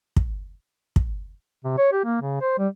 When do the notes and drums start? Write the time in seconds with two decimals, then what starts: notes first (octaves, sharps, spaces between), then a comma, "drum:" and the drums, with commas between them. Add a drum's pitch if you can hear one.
0.16 drum: kick
0.96 drum: kick
1.64 C3
1.78 C#5
1.92 G4
2.04 A#3
2.21 C#3
2.41 C5
2.58 G3